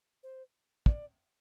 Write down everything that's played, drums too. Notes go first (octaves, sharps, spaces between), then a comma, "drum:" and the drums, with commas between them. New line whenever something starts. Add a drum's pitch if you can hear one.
C5
D5, drum: kick